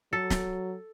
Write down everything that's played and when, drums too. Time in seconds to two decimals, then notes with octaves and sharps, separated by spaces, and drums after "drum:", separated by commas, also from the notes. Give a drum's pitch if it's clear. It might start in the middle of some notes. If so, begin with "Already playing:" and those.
0.13 F#3 A4
0.30 drum: snare